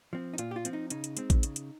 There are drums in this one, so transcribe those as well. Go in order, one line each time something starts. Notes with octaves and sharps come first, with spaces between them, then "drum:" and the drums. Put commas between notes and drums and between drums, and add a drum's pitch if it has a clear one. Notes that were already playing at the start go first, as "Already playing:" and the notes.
F3 C4
D#4
A#2 F4, drum: hi-hat
G4
F4
F3 C4, drum: hi-hat
D#4
C#3 D#4, drum: hi-hat
drum: hi-hat
G#3 C4, drum: hi-hat
drum: kick A1, hi-hat
C#3, drum: hi-hat
drum: hi-hat